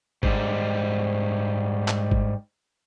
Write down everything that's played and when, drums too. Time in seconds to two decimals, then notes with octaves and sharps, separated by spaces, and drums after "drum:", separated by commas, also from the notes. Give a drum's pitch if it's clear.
0.23 G#2 G3, drum: kick G#1
1.88 drum: clap
2.11 drum: kick G#1